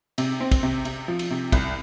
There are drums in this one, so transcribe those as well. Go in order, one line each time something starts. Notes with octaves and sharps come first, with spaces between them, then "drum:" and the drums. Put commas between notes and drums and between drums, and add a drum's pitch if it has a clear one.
C3, drum: cymbal
C4
drum: kick, cymbal
C3
C3, drum: cymbal
F3
drum: cymbal
C3
C2, drum: kick, cymbal